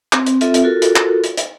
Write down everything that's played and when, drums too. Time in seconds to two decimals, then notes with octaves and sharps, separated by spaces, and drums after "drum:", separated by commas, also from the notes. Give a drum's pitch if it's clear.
0.13 C4, drum: clap
0.26 drum: hi-hat
0.41 C4 F4 A4 E5, drum: hi-hat
0.54 drum: hi-hat
0.64 F4 F#4 A4 A#4
0.82 drum: hi-hat
0.96 drum: clap
1.24 drum: hi-hat
1.37 drum: hi-hat